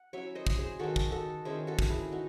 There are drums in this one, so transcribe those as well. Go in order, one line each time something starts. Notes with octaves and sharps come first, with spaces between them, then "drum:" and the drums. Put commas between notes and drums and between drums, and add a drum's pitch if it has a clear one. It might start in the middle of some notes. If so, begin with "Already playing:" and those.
Already playing: F#5
F#3 C#4 E4 C#5 E5
C5 D#5
drum: kick
G#4 C5
D#3 G#3 D#4 F#4 A4
drum: kick
F#4 A4
D#3 G#3 C#4 E4 G#4 C5
F#4 A4
drum: kick
E4 G#4
E3 A3 D#4 F#4